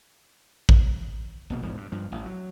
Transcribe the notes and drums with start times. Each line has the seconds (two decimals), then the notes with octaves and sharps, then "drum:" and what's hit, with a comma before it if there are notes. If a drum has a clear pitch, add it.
0.69 drum: kick A1
1.50 A#1 B2 A#3
1.62 E1 D2 G#2 F3
1.77 G2
1.92 G2 F3
2.12 A1
2.26 F#3